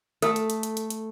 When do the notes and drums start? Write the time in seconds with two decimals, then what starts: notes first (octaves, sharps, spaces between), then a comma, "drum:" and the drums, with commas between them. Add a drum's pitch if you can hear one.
0.22 A3 A4, drum: hi-hat
0.36 drum: hi-hat
0.50 drum: hi-hat
0.63 drum: hi-hat
0.77 drum: hi-hat
0.90 drum: hi-hat